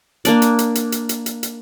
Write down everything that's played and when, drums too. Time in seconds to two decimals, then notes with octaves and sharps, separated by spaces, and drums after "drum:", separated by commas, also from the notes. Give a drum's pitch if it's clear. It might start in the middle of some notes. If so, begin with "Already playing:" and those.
0.25 A#3 D4 D5, drum: hi-hat
0.42 drum: hi-hat
0.59 drum: hi-hat
0.75 drum: hi-hat
0.92 drum: hi-hat
1.09 drum: hi-hat
1.26 drum: hi-hat
1.43 drum: hi-hat